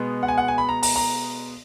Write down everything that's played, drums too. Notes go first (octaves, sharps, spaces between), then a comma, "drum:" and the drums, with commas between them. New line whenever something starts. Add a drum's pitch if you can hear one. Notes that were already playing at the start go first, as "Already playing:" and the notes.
Already playing: B2 G#3 B3
F#5
G#5
F#5
G#5
B5
A#5
A#5, drum: open hi-hat
A#5